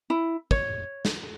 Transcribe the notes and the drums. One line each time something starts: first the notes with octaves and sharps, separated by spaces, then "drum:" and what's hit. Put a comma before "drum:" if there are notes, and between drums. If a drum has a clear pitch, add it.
E4
C#5, drum: kick
drum: snare